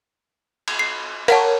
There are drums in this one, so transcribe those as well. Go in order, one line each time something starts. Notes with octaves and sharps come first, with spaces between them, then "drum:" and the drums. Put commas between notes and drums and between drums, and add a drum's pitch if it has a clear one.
drum: cymbal
C7
A#4 C#5 F5 F#5 A5, drum: cymbal